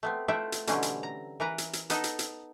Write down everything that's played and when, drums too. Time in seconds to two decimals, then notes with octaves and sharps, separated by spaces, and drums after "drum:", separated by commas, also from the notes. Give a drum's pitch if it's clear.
0.03 A3 B3 C4
0.28 A3 E4 F4 E5 F#5 G5
0.52 drum: hi-hat
0.67 B2 D3 E3 G3 C4 C#4, drum: hi-hat
0.83 drum: hi-hat
1.03 A#5
1.40 E3 A#4 B4 A#5
1.58 drum: hi-hat
1.73 drum: hi-hat
1.90 B3 D#4 A4 D#5, drum: hi-hat
2.04 drum: hi-hat
2.19 drum: hi-hat